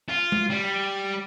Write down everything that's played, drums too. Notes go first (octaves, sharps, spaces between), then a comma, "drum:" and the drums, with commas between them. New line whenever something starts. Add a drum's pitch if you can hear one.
F4
drum: tom G#3
G3